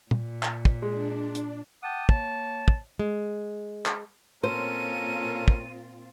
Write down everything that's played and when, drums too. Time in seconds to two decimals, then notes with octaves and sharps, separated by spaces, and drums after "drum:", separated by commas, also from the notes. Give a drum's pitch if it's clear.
0.11 A#2, drum: tom
0.43 drum: clap
0.65 drum: kick
0.82 G#3 D4
1.35 drum: hi-hat
1.83 F#5 G5 A5 D6 D#6
2.09 A#3 C#5 A5, drum: kick
2.68 drum: kick
2.99 G#3
3.86 drum: clap
4.43 A#2 C4 C#4 F4 A4 A#4 C5 D#7
5.48 drum: kick